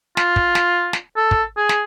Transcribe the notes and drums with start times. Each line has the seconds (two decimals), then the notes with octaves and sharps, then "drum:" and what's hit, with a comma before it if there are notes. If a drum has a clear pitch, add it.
0.17 F4, drum: snare
0.36 drum: kick
0.55 drum: snare
0.93 drum: snare
1.16 A4
1.31 drum: kick
1.57 G#4
1.69 drum: snare